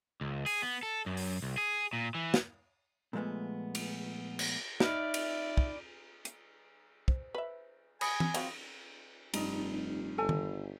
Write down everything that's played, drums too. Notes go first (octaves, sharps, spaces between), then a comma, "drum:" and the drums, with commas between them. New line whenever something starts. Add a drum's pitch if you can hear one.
C#2
G#4, drum: open hi-hat
B3
A4
F#2
drum: open hi-hat
C2
G#4
A#2
E3
drum: snare
A#2 F3 G#3 A3 B3
drum: cymbal
drum: cymbal
D#4 D5 E5 B5 F6, drum: snare
drum: cymbal
drum: kick
drum: hi-hat
C5, drum: kick
B4 E5
G#5 B5 D#6 C#7, drum: cymbal
drum: tom E3
F#3 C4 F4, drum: cymbal
F1 G2 D#4 D#5, drum: cymbal
G1 A4 G#5
drum: tom D#3